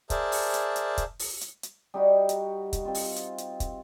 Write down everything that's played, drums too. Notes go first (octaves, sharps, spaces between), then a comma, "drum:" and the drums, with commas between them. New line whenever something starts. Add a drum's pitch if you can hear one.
G#4 A#4 C5 D5 E5 A5, drum: kick, hi-hat
drum: open hi-hat
drum: hi-hat
drum: hi-hat
drum: kick, hi-hat
drum: open hi-hat
drum: hi-hat
drum: hi-hat
G3 D#4 F#4
drum: hi-hat
drum: kick, hi-hat
C4 F4
drum: open hi-hat
drum: hi-hat
drum: hi-hat
drum: kick, hi-hat